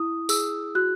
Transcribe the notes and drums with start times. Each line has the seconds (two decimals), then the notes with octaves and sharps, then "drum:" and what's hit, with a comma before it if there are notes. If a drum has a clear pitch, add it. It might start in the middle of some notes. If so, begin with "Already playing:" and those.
Already playing: E4 D#6
0.29 G#4 E6, drum: tambourine
0.75 F#4 F#6